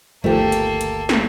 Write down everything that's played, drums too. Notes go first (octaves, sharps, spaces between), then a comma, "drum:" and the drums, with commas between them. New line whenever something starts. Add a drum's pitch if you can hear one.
G1 D2 D#3 F3 A3 A#3 G4 A4
drum: hi-hat
drum: hi-hat
drum: snare